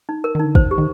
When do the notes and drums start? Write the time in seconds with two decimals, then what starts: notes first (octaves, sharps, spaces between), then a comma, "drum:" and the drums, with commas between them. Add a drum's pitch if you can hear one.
0.09 D#4
0.24 A#4
0.35 D#3 D#4
0.45 D3
0.55 D#3 C5, drum: kick
0.71 G4
0.78 D#3